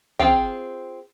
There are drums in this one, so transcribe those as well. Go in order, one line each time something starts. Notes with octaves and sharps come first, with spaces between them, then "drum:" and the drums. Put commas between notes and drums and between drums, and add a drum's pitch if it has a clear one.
C4 F4 G#4 F5 G5, drum: tom